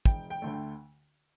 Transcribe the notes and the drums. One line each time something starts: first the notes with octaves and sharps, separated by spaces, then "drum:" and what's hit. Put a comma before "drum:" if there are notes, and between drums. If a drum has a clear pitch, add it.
E1 G5, drum: kick
G5
D2 D3 A3
G5